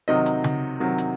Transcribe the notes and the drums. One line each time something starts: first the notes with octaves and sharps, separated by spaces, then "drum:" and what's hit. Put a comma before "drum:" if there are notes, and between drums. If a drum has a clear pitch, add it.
C3 D#3 F#3 D#5
drum: hi-hat
drum: tom C#3
C3 D#3 F#3
drum: hi-hat